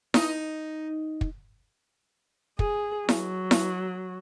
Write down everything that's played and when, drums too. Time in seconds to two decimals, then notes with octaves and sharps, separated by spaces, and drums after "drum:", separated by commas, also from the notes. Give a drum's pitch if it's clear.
0.14 D#4, drum: snare E4
1.21 drum: kick
2.59 G#4, drum: kick
3.09 F#3, drum: snare E4
3.51 drum: snare E4